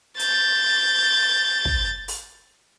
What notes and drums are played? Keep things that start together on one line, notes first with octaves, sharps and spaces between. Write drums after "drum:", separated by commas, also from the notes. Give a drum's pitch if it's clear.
G6 A6, drum: hi-hat
drum: kick
drum: open hi-hat